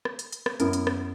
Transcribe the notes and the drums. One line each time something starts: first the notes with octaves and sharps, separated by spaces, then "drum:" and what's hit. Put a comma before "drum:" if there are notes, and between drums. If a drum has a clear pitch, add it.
drum: rim click
drum: hi-hat
drum: hi-hat
drum: rim click
F#2 B3 E4 A#4, drum: hi-hat
drum: hi-hat
drum: rim click